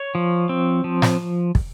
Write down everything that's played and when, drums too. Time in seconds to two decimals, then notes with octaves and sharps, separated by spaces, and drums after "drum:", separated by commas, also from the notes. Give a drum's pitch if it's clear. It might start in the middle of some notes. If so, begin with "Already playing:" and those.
Already playing: C#5
0.15 F3
0.49 C4
0.84 F3
1.02 drum: snare
1.55 drum: kick